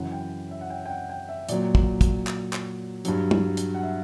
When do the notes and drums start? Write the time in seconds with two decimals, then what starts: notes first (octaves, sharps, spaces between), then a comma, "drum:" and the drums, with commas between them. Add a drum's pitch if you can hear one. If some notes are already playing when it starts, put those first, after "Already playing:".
Already playing: F#2 C#3 E3 F#5
0.12 G5
0.51 E5
0.61 F#5
0.70 G5
0.86 G5
0.90 F#5
1.10 G5
1.29 E5
1.49 A#2 F#3 D5, drum: hi-hat
1.75 drum: kick
2.01 drum: kick, hi-hat
2.27 drum: clap
2.53 drum: clap
3.05 G2 F#3, drum: hi-hat
3.31 drum: tom
3.57 drum: hi-hat
3.75 F#5
3.83 E5